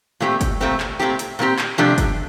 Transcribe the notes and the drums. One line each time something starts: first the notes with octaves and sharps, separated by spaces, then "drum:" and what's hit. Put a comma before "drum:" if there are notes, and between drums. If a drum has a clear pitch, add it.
A#2 A3 C4 G4
drum: kick, hi-hat
A#2 A3 C4 G4
drum: clap
A#2 A3 C4 G4
drum: hi-hat
A#2 A3 C4 G4
drum: clap
C3 F3 A3 D4 G4
drum: kick, hi-hat